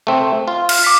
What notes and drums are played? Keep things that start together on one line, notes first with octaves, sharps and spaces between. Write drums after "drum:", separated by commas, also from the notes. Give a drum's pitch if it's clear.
A3 C4
F4
F6, drum: cymbal
D6 B6